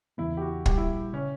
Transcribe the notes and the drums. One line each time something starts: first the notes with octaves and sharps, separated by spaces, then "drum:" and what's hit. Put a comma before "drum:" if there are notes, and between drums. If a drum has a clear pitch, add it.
E2 C#3 E3 B3 E4
G4
F#4
A#1 A#2 G3 G4, drum: kick
E4
C#3 C#4